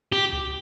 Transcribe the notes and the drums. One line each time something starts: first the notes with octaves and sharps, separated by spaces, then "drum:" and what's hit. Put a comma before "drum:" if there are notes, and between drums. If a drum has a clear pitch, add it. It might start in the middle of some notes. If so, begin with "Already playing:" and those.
G4
drum: kick C#2